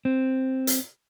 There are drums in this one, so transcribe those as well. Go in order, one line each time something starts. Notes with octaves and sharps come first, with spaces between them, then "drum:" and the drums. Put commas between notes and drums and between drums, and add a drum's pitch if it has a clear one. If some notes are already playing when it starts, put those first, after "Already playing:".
C4
drum: hi-hat